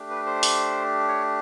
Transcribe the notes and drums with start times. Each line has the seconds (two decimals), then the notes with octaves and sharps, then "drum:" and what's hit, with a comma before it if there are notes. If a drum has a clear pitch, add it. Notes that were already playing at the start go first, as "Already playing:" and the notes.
Already playing: A3 D4 G4
0.10 B4
0.26 C5
0.43 drum: open hi-hat
1.08 C#5